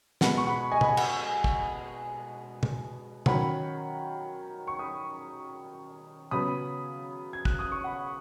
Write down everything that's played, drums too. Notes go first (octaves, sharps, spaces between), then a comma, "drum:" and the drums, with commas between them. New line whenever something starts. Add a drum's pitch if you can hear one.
B2 G#3 B3 F#5 B5, drum: snare
C#6
F#5 B5
D#5 G#5
B5, drum: tom
G#5
F#5, drum: cymbal
drum: kick
drum: tom
D#3 F#3 C#4 F#5 B5, drum: tom
C#6
B5 D#6
C#3 F#3 B3 B5 D#6
G#6
F#6, drum: kick
D#6
C#6
F#5 B5